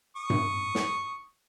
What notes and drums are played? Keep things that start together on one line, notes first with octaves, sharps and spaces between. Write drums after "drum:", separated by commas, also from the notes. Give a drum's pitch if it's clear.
C#6 D#6
drum: tom G2
drum: snare